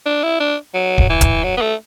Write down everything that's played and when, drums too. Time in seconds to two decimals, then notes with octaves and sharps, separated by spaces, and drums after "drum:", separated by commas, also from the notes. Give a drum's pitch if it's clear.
0.06 D4
0.23 E4
0.40 D4
0.74 F#3
0.98 drum: kick
1.09 E3
1.21 drum: kick, hi-hat
1.44 F#3
1.57 B3
1.61 A3